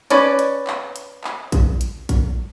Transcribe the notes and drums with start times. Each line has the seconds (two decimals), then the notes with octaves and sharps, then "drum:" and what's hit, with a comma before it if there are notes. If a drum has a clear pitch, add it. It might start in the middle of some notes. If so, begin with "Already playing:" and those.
0.10 C#4 B4 C#5 D5, drum: hi-hat
0.39 drum: hi-hat
0.67 drum: clap
0.96 drum: hi-hat
1.24 drum: clap
1.52 drum: kick A#1, hi-hat
1.81 drum: hi-hat
2.09 drum: kick A#1, hi-hat